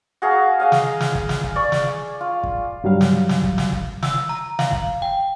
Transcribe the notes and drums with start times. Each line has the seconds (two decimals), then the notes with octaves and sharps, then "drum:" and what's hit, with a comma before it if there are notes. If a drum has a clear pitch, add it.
0.22 F#4 G#4 F5 A#5
0.60 G#4 D#5 F5
0.72 drum: snare
1.00 drum: snare
1.15 drum: kick
1.29 drum: snare
1.43 drum: kick
1.56 D5 C#6
1.72 drum: snare
2.21 F4
2.43 drum: kick
2.84 G2 F#3 G3 F5
3.01 drum: snare
3.29 drum: snare
3.44 drum: kick
3.58 drum: snare
3.72 drum: kick
4.03 E6, drum: snare
4.29 A#5
4.59 F5, drum: snare
4.72 drum: kick
5.02 G5